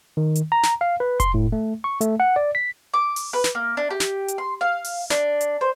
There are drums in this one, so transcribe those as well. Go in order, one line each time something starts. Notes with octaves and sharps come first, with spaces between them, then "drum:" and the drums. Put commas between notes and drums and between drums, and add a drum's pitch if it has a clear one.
D#3
drum: hi-hat
A#5
drum: snare
F5
B4
C6, drum: kick F1, hi-hat
A2
A3
C#6
A3, drum: hi-hat
F#5
D5
B6
D6
drum: open hi-hat
B4
drum: snare
A#3
D4
G4
drum: snare
drum: hi-hat
C6
F5
drum: open hi-hat
D4, drum: snare
drum: hi-hat
C5